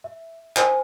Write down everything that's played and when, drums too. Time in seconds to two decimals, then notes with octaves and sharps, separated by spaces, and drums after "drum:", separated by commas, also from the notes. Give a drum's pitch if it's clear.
0.04 E5
0.56 C5 G#5, drum: clap